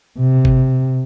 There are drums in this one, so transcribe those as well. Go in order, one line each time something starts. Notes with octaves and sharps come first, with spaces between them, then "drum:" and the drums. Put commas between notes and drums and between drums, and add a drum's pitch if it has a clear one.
C3
drum: kick G1